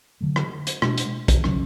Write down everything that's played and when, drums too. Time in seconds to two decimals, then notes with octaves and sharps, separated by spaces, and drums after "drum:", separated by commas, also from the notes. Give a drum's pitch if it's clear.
0.21 D3 F#3 A3
0.36 drum: rim click
0.67 drum: hi-hat
0.82 B2 G#3 D4, drum: rim click
0.98 drum: hi-hat
1.28 drum: kick, hi-hat
1.44 C#3 F#3 C#4, drum: rim click